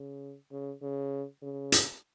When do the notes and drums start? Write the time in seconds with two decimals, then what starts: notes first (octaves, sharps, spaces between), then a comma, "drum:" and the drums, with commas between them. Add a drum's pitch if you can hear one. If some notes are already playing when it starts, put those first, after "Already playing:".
Already playing: C#3
0.51 C#3
0.82 C#3
1.42 C#3
1.72 drum: hi-hat